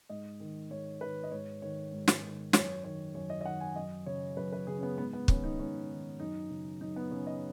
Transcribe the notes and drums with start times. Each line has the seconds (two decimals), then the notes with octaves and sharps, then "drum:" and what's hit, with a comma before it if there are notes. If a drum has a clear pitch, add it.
0.09 G#2 D#5
0.40 D#3
0.70 G#2 C#5
1.01 D#3 B4
1.24 D#5
1.31 G#2 C#5
1.62 D#3 C#5
1.92 G#2
2.08 drum: snare
2.23 D#3
2.53 F#2 C#5, drum: snare
2.84 D#3 C#5
3.15 F#2 C#5
3.30 D#5
3.41 D#5
3.45 D#3 F#5
3.61 G#5
3.76 F#2 D#5
4.06 C#3 C#5
4.37 F#2 B4
4.52 B4
4.67 C#3 G#4
4.78 C#4
4.83 B3
4.98 G#2 B3
5.13 B3
5.28 D#3 C#4, drum: kick
5.44 D#4
5.59 G#2 C#4
5.89 D#3
6.20 F#2 D#4
6.50 C#3
6.81 F#2 D#4
6.96 B3
7.11 C#3 C#4
7.27 D#5